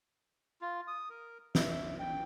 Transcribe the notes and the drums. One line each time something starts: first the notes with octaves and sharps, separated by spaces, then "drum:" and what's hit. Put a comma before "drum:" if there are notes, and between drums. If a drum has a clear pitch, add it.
F4
D#6
A#4
E5, drum: snare
G5